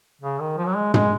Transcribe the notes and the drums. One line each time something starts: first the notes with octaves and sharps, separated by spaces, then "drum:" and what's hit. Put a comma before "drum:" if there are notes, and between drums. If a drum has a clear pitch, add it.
C#3
D#3
F3
F#3
G#3
G#3, drum: tom